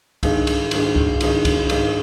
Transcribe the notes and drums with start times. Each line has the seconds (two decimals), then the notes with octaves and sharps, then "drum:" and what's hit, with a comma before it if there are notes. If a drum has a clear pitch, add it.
0.23 G#1 G2 D#3 G#3, drum: kick C2, cymbal
0.47 drum: cymbal
0.71 G#1 G2 D#3 G#3, drum: cymbal
0.96 drum: kick C2
1.21 G#1 G2 D#3 G#3, drum: cymbal
1.45 drum: kick C2, cymbal
1.69 G#1 G2 D#3 G#3, drum: cymbal